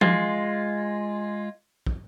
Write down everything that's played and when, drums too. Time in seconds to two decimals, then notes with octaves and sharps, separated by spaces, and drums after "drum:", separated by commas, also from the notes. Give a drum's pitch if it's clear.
0.01 G#3 F4, drum: tom F3
1.86 drum: kick